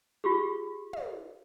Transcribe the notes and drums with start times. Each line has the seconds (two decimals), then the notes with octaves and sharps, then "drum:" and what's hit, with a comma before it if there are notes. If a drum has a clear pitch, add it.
0.24 F4 G4 G#4
0.93 drum: tom